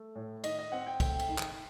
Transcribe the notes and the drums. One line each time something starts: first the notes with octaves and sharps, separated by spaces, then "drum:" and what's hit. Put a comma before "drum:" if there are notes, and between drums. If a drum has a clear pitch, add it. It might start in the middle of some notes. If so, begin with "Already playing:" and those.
Already playing: A3
A2
D#3 D#5, drum: cymbal
D#5
C4 F#5
G5
A3 G5, drum: kick, cymbal
drum: cymbal
D#3
drum: clap